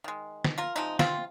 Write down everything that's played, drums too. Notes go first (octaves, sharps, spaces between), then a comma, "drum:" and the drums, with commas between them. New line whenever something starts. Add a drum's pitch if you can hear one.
D#3 G#3
drum: snare
F4 A#4
C3 F3 G#3 D#4
C4 F4, drum: snare